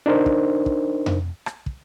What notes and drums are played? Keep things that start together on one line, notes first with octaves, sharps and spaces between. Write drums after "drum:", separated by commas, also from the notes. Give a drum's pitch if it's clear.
D4 D#4 A#4 C5
drum: kick
drum: kick
drum: tom F2
drum: rim click
drum: kick